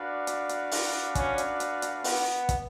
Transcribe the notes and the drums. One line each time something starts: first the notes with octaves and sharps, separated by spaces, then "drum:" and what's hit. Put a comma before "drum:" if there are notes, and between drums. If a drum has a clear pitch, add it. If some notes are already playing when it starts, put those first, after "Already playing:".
Already playing: D4 F#4 B4 D5 F5
drum: hi-hat
drum: hi-hat
drum: open hi-hat
C#4, drum: kick, hi-hat
drum: hi-hat
drum: hi-hat
drum: hi-hat
B3, drum: open hi-hat
drum: kick, hi-hat